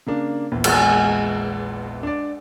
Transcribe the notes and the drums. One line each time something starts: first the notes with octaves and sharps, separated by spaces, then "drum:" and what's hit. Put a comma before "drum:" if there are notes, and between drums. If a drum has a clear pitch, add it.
C#3 A#3 D4
A#1 E2
G#3 F#5, drum: cymbal
D4 D5